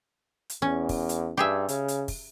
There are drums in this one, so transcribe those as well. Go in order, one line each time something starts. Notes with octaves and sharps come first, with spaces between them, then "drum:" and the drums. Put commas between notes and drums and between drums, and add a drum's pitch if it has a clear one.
drum: hi-hat
E2 C#4
drum: kick, open hi-hat
drum: hi-hat
G2 G4 G#4 E5
C#3, drum: hi-hat
drum: hi-hat
drum: kick, open hi-hat